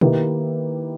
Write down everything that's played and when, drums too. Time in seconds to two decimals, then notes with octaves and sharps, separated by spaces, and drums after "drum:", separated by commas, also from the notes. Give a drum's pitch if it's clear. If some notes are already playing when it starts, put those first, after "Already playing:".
0.01 D#3 A#3 E4 G4 B4, drum: tom B2